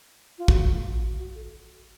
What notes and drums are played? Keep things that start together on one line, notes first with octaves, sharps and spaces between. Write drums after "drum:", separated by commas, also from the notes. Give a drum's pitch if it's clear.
F4
F#4, drum: kick
F#4
A4